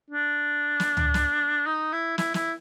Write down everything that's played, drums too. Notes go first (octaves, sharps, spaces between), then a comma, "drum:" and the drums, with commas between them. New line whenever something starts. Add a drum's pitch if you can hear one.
D4
drum: snare
drum: tom C#2
drum: snare
D#4
E4
E4, drum: snare
E4, drum: snare